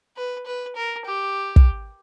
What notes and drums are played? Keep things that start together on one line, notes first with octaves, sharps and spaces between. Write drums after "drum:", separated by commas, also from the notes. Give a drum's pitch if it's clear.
B4
B4
A#4
G4
drum: kick